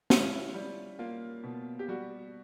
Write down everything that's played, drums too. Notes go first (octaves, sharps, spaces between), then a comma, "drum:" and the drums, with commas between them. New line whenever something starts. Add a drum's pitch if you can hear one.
C#4 E4, drum: snare
F4
E4
G3
A#3 F4
B2
G4
G3 F#4